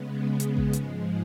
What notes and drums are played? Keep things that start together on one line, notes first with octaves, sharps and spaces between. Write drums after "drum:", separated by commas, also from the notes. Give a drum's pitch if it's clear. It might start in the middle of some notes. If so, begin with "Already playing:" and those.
Already playing: C#3 G#3 B3
drum: hi-hat
drum: kick A1
G#2 F3 G#3, drum: hi-hat